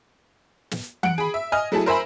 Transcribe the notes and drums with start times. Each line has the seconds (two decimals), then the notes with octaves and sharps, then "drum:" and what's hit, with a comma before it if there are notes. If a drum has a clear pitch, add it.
0.71 drum: snare
1.03 F#5 D7, drum: tom E3
1.18 G#4 B5
1.34 E5
1.52 D#5 G#5 F6
1.72 F#3 A3 E4 G#4 A4
1.86 A#4 C5 E5 G#5 B5